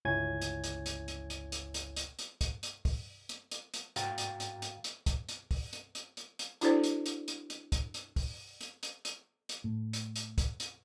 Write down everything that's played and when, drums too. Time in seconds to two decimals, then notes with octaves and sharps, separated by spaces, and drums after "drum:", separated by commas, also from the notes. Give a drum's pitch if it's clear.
0.05 G1 C#2 E4 C#5 G#5 G#6
0.42 drum: hi-hat
0.64 drum: hi-hat
0.86 drum: hi-hat
1.08 drum: hi-hat
1.30 drum: hi-hat
1.52 drum: hi-hat
1.74 drum: hi-hat
1.96 drum: hi-hat
2.19 drum: hi-hat
2.41 drum: kick, hi-hat
2.63 drum: hi-hat
2.85 drum: kick, open hi-hat
3.29 drum: hi-hat
3.51 drum: hi-hat
3.74 drum: hi-hat
3.96 G#2 F#4 F5 G5 A#5 A6, drum: hi-hat
4.18 drum: hi-hat
4.40 drum: hi-hat
4.62 drum: hi-hat
4.84 drum: hi-hat
5.06 drum: kick, hi-hat
5.29 drum: hi-hat
5.51 drum: kick, open hi-hat
5.73 drum: hi-hat
5.95 drum: hi-hat
6.17 drum: hi-hat
6.39 drum: hi-hat
6.61 D4 E4 F#4 A4 C5 D5, drum: hi-hat
6.84 drum: hi-hat
7.06 drum: hi-hat
7.28 drum: hi-hat
7.50 drum: hi-hat
7.72 drum: kick, hi-hat
7.94 drum: hi-hat
8.16 drum: kick, open hi-hat
8.61 drum: hi-hat
8.83 drum: hi-hat
9.05 drum: hi-hat
9.49 drum: hi-hat
9.64 A2
9.93 drum: hi-hat
10.16 drum: hi-hat
10.38 drum: kick, hi-hat
10.60 drum: hi-hat